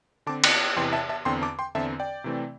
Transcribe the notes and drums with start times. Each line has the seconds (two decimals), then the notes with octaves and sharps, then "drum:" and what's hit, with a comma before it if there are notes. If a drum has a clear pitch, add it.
0.26 D3 C4 A5 D6
0.44 D5 G5, drum: cymbal
0.76 E2 C3 E3 G5 C6
0.93 E5 A5
1.09 E5 A5
1.25 E2 D3 C4 G5 C6
1.42 A5 D6
1.59 G5 C6
1.75 E2 D3 C4 E5 A5
2.00 D5 G5
2.24 C3 E3 A3 C4